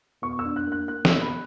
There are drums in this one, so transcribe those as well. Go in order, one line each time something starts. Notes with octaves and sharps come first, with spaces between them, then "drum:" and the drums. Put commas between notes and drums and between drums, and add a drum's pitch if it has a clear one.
B2 C#6
E6
D4
F#6
A#3 F#6
A#3 F#6
E6, drum: snare
B2
B5